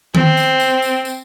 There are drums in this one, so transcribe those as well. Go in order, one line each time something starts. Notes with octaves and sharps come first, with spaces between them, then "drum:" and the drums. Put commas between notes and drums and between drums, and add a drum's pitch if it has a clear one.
C4, drum: tom D#3
drum: tambourine
drum: tambourine
drum: tambourine
drum: tambourine